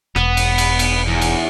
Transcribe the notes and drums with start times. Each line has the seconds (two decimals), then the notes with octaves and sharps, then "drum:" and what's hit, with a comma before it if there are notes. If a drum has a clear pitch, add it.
0.16 E1 B3, drum: rim click
0.37 drum: cymbal
0.58 drum: cymbal
0.79 drum: cymbal
1.07 E2
1.21 drum: cymbal